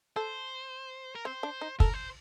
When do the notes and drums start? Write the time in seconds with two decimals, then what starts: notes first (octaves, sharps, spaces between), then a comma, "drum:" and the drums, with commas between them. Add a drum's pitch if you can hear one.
0.16 A4 C5
1.15 A#4
1.25 C4 C5
1.43 D4
1.61 D#4
1.80 A4 A#4, drum: kick
1.94 C5